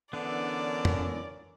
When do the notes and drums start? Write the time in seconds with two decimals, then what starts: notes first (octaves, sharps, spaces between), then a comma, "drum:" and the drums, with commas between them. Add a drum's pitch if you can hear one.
0.13 D3 E3 B3 C#4 D4 A#4 D5
0.85 drum: tom F2